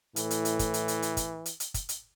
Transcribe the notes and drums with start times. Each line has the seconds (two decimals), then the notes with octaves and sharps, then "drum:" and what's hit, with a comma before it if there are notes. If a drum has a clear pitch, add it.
0.16 A2 E3, drum: hi-hat
0.31 drum: hi-hat
0.45 drum: hi-hat
0.59 drum: kick, hi-hat
0.74 drum: hi-hat
0.88 drum: hi-hat
1.02 drum: hi-hat
1.17 drum: kick, hi-hat
1.46 drum: hi-hat
1.60 drum: hi-hat
1.74 drum: kick, hi-hat
1.89 drum: hi-hat